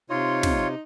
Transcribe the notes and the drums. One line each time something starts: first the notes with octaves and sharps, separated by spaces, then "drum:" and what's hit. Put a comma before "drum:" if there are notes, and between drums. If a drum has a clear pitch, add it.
C3 D#4 F4 C#5 C6
drum: snare